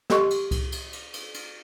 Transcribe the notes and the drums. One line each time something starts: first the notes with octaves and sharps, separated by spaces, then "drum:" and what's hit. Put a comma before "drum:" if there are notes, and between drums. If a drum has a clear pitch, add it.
G4 A4 D#5 C6 C#6, drum: snare
drum: cymbal
drum: kick C2, cymbal
drum: cymbal
drum: cymbal
drum: cymbal
drum: cymbal